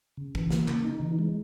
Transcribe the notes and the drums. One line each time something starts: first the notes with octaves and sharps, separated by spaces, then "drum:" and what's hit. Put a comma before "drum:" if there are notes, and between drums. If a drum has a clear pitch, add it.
C#3
E3, drum: kick
A#3, drum: snare
C#3, drum: clap
D#4
E3
G#3